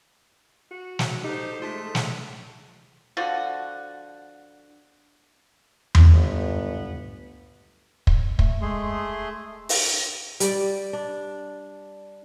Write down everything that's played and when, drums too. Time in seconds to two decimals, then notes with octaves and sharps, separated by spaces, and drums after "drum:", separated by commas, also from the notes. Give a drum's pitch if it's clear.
0.71 F#4
0.99 drum: snare
1.24 D#4 G4 A4 C5
1.62 G#3 A3 F4 A5 B6
1.95 drum: snare
3.17 D3 F3 F#4
5.95 drum: tom E2
6.11 G1 C#2 F#2 A2 B3
8.07 drum: kick
8.39 A3, drum: kick
8.62 G#3 A3 G#4 C6
9.69 drum: open hi-hat
10.40 G3 D5, drum: hi-hat
10.93 D4